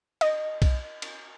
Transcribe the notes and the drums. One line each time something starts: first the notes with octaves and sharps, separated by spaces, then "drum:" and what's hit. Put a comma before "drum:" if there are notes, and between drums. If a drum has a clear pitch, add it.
D#5, drum: cymbal
drum: kick B1, cymbal
drum: cymbal